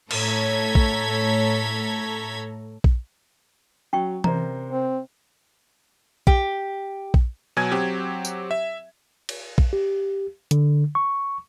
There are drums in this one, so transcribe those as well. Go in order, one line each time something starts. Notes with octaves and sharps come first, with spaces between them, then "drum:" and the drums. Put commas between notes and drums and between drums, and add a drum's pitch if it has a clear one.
A2 A4 C#5 A#5 G#6 B6, drum: cymbal
drum: kick A#1
drum: kick A#1
F#3 C#4 G5 C#6
C3 A#4 C5 D5 A#5, drum: tom E3
C4
G4, drum: kick A#1
drum: kick A#1
B2 F#3 G#5 G#6
F#3 C4 G4
drum: tambourine
E5
drum: cymbal
drum: kick A#1
G4
D3, drum: hi-hat
C#6